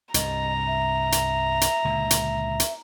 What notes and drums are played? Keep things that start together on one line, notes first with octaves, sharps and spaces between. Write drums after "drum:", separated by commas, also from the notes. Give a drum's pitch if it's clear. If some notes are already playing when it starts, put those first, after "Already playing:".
C2 G2 D#5 A#5, drum: hi-hat
E5
drum: hi-hat
drum: hi-hat
C#2 A#2 D3
drum: hi-hat
drum: hi-hat